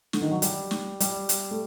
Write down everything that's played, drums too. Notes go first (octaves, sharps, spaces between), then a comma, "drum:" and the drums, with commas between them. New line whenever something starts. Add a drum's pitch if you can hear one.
D3, drum: snare
D#3
F#3
G3, drum: hi-hat
drum: snare
G3, drum: hi-hat
drum: hi-hat
A3